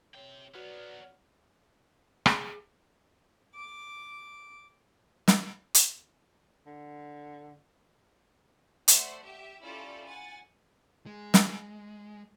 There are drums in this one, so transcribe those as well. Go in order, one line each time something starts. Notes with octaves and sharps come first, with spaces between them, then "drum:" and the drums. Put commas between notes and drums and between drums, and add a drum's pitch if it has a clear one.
C3 C#5 G5
F#3 B3 F#4 B4 D5 F#5 F6
G#4, drum: rim click
D6
drum: snare
drum: hi-hat
D3
A3 C5 D5 E5 F#5 C7, drum: hi-hat
G4 E5
C#4 E4 F4 G4 A4 D5
F#5 G#5 A6
G#3
drum: snare